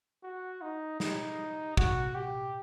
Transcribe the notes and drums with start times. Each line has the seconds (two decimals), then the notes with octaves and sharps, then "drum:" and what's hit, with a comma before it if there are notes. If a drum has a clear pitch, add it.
0.23 F#4
0.62 D#4
1.00 D#4, drum: snare
1.77 F#4, drum: kick
2.15 G4